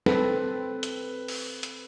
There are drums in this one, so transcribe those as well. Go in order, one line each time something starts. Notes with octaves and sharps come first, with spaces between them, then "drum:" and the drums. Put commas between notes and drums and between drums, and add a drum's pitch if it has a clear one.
C4 A4 B4, drum: snare
drum: hi-hat
drum: open hi-hat
drum: hi-hat